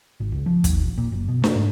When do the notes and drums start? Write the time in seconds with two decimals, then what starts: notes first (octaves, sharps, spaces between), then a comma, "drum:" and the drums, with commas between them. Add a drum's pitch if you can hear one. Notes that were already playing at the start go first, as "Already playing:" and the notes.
0.20 G#1
0.32 C#2
0.46 F3
0.64 D#2, drum: kick, hi-hat
0.82 A#1
0.98 A#2
1.12 F#1
1.28 B2
1.44 A3, drum: snare D4
1.56 G#2